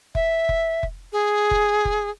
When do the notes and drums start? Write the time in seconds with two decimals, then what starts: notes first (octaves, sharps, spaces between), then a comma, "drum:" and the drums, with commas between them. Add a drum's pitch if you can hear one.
0.15 E5, drum: kick F1
0.49 drum: kick F1
0.83 drum: kick F1
1.12 G#4
1.51 drum: kick F1
1.85 drum: kick F1